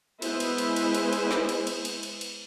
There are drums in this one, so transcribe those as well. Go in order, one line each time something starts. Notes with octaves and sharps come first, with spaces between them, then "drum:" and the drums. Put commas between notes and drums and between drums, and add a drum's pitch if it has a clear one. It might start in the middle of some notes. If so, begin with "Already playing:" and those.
G#3 B3 E4 B4 C5, drum: cymbal
drum: cymbal
drum: cymbal
drum: cymbal
drum: cymbal
drum: cymbal
drum: snare
drum: cymbal
drum: cymbal
drum: cymbal
drum: cymbal
drum: cymbal